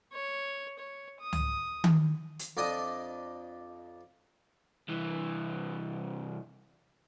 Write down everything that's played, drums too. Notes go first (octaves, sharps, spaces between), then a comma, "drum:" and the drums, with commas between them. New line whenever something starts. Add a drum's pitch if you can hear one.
C#5
C#5
D#6
drum: tom C#2
drum: tom D#3
drum: hi-hat
F2 D4 D#5 D#6
C2 E3